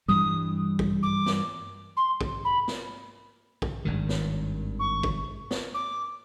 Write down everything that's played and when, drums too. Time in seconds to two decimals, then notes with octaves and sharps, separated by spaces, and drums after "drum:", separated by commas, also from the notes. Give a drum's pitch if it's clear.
0.08 G2 E3 G3 D#6
0.79 drum: kick
1.03 D6
1.26 drum: snare
1.97 C6
2.21 drum: kick
2.45 B5
2.68 drum: snare
3.62 drum: kick
3.85 G#1 G2 D#3
4.09 drum: snare
4.80 C#6
5.03 drum: kick
5.51 drum: snare
5.74 D6